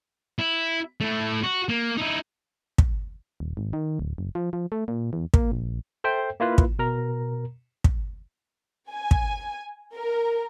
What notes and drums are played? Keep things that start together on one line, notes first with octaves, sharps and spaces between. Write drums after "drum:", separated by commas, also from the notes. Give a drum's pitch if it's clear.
E4
A3 E4
F#4
A#3
D#4 E4
drum: kick
D#1
G#1
D#3
D1
F#1
F3
F3
A3
A#2
E2
A#3, drum: kick
A#1
A4 C5 E5 G5
A#3 E4 F4 B4
drum: kick
B2 A#4 A#5
drum: kick
G#5
drum: kick
A#4